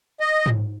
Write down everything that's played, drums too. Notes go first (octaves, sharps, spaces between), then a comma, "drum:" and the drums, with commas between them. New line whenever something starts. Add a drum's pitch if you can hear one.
D#5
drum: tom G#2